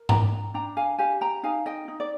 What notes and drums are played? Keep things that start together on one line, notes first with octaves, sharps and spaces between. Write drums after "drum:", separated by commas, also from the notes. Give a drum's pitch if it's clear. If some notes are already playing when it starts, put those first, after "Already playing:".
Already playing: A#4
D4 G5 A#5, drum: tom G#2
D4 G5 A#5
F5 G#5
G4 F5 G#5
G5 A#5
D#4 F5 G#5
D#5 G5
D#4
D5